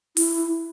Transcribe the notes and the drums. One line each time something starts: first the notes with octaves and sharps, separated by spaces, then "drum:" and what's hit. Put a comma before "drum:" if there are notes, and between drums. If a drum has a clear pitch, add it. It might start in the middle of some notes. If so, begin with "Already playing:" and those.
E4, drum: open hi-hat